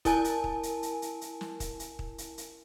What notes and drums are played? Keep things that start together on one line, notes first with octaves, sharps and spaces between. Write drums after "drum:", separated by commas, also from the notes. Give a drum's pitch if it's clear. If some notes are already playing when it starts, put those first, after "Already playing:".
E4 A#4 G#5 A5, drum: kick, hi-hat
drum: hi-hat
drum: kick
drum: hi-hat
drum: hi-hat
drum: hi-hat
drum: hi-hat
drum: snare
drum: kick, hi-hat
drum: hi-hat
drum: kick
drum: hi-hat
drum: hi-hat